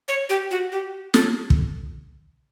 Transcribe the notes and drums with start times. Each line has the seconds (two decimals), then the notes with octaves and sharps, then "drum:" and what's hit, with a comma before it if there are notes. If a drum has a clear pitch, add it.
0.08 C#5
0.29 G4
0.51 F#4
0.72 G4
1.14 A4, drum: snare
1.50 drum: kick